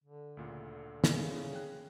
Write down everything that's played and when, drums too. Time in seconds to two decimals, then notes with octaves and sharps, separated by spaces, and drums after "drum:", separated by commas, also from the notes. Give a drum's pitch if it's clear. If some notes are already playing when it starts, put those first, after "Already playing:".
0.04 D3
0.37 D2 A#2 C#3
1.04 C#3 B3 D#4 E4, drum: snare
1.53 G#4 G5 F#6